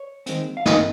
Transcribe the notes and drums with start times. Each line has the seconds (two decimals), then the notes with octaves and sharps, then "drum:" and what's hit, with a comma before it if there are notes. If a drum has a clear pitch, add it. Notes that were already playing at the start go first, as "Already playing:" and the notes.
Already playing: C#5
0.26 D#2 D#3 G#3 C4, drum: hi-hat
0.57 F5
0.66 C#2 C3 D#3 A#3 D#5, drum: snare